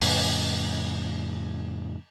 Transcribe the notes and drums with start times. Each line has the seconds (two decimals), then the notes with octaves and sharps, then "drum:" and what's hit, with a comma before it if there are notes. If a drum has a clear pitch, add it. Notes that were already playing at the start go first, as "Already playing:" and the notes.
0.01 F2 A2 C#3, drum: open hi-hat